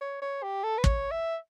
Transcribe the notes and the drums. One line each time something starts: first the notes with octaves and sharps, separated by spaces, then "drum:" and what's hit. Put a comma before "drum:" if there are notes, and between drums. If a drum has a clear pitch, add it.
C#5
C#5
G4
A4
B4
C#5, drum: kick
E5